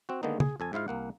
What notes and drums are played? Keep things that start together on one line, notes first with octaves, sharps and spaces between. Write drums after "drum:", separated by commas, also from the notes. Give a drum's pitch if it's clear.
C4 F#4
D3 D#3 G#3 A#3 B3 D#4
G#4, drum: tom
F2 A4 G#5
G#2 E4 F4 F5
C2 A#3 F#5